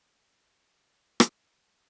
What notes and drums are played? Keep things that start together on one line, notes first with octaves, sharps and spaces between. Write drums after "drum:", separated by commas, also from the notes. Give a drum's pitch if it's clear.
C4
drum: rim click
D#5